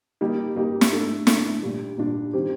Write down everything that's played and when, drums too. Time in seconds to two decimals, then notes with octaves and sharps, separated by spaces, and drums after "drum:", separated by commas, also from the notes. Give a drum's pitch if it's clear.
0.21 G3 A#3 D#4 G4
0.56 G3 A#3 D#4 G4
0.81 drum: snare
0.92 A3 D4 A4
1.27 A3 D4 A4, drum: snare
1.63 A#2 G3 D4
1.98 A#2 G3 D4
2.33 D#3 G3 C4 G4